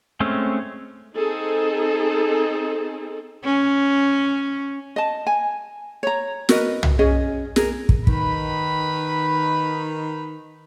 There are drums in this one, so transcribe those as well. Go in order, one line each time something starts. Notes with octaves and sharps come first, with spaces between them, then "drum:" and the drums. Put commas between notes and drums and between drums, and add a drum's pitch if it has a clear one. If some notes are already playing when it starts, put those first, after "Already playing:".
G#3 A3 C4 C#4
C4 D#4 G#4 A4
C#4
D#5 A5
G#5
C#5 A#5
F#4 A#4 B4 D#5, drum: snare
drum: tom
C#4 G#4 D#5
G#4 A#4, drum: snare
drum: kick
D#3 B4 B5, drum: kick